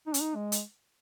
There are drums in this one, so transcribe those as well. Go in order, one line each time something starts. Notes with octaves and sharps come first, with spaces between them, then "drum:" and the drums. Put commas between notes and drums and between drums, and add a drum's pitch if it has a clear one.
D#4
C#4, drum: hi-hat
D#4
G#3
drum: hi-hat